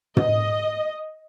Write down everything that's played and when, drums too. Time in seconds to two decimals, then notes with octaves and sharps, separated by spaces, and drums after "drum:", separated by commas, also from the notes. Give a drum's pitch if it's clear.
0.17 D#5, drum: tom